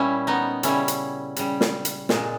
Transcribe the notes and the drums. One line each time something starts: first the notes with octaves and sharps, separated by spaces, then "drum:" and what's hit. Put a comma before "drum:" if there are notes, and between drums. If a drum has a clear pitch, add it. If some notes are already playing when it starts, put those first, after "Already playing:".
Already playing: A#2 G3 C#4 E4
B3 D#4
C#3 G3 C#4 E4, drum: hi-hat
drum: hi-hat
C#3 G3, drum: hi-hat
drum: snare
drum: hi-hat
A#2 G#3, drum: snare